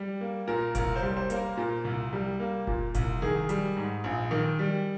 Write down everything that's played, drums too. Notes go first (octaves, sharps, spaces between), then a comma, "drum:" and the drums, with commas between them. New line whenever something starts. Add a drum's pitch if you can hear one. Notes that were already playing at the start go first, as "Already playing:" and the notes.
Already playing: G3
A#3
A#2 A#4
C2 A#4, drum: kick F1, hi-hat
C5
G3
C5
A#3 C5, drum: hi-hat
A#4
A#2
C2
G3
A#3
A#2, drum: kick F1
C2, drum: kick F1, hi-hat
D#3 G#4
G3, drum: hi-hat
G#2
A#1
D#3
G3